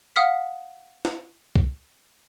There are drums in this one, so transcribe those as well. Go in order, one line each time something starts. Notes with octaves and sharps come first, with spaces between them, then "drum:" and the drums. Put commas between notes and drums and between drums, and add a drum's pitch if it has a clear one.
F5 F#5 D#6 F6 B6
drum: snare
drum: kick C2